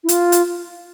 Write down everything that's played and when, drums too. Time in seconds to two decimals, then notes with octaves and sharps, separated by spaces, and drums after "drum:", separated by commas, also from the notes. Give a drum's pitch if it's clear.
0.04 E4
0.09 F4, drum: hi-hat
0.32 drum: hi-hat